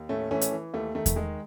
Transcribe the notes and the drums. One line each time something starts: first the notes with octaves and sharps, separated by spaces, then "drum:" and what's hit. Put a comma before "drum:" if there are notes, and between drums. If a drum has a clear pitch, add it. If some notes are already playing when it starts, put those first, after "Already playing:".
Already playing: D#2
A2 A3 C#4
E3 A3 C#4
drum: hi-hat
E3
D#2 A3
D#3 A3
drum: kick E2, hi-hat
D#3 G#3